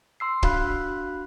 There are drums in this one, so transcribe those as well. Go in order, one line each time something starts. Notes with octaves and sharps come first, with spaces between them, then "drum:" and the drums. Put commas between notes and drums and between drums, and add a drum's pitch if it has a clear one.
C6 E6 C7
D4 F#4 F5 B5 F#6, drum: kick